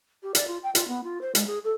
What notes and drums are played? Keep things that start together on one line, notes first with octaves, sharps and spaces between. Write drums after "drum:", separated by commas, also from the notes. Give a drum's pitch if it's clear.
G4
D5, drum: hi-hat
F4
G5
F4, drum: hi-hat
B3
F4
C5
G#3, drum: hi-hat
G#4
A4